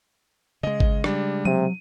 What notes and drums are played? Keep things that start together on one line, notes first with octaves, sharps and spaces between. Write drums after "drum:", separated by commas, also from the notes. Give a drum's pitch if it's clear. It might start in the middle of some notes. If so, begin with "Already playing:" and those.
C#3 G#3 D#5
drum: kick G#1
G3 D4, drum: rim click
C3 F#3 D#7